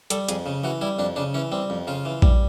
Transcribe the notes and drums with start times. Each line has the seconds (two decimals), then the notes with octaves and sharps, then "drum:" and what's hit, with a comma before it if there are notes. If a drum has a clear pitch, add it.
0.10 G3 A4, drum: hi-hat
0.29 F2 G#4, drum: hi-hat
0.46 C#3
0.64 E3 F#4
0.81 G3 E4
0.99 F2 D4
1.16 C#3 D4
1.34 E3 C#4
1.52 G3 C4
1.70 F2
1.87 C#3 F4
2.05 E3
2.22 G3, drum: kick A#1